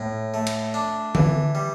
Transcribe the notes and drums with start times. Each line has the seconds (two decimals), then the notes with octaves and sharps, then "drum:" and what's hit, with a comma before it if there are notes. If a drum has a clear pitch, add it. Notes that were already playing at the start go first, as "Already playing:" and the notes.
Already playing: A2
0.34 A3
0.47 drum: cymbal
0.74 D4
1.15 E3, drum: tom D3
1.55 G3